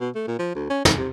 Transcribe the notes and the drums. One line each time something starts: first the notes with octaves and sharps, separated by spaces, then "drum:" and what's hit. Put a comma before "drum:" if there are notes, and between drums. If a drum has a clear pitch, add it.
B2
A3
A#2
F3
D2
C#4
F2, drum: snare
C3